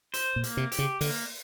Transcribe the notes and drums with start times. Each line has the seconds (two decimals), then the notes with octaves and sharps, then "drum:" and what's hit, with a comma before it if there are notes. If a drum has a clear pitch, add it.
0.14 C5, drum: hi-hat
0.36 A#2
0.44 A#3, drum: hi-hat
0.57 C3
0.72 G4, drum: hi-hat
0.79 C#3
1.01 D3 A#3, drum: open hi-hat